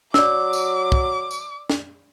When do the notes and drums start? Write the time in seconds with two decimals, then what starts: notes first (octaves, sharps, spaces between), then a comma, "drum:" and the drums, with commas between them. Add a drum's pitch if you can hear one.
0.14 F#3 D5 D6 E6, drum: snare
0.53 drum: tambourine
0.92 drum: kick
1.31 drum: tambourine
1.70 drum: snare